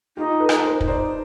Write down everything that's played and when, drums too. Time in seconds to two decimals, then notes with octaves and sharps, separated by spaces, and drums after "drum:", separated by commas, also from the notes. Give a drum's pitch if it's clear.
0.17 D#4 F4 G4
0.40 A4 B4
0.49 D#4, drum: rim click
0.64 A#4 C5
0.81 D#4, drum: kick
0.88 C5 D5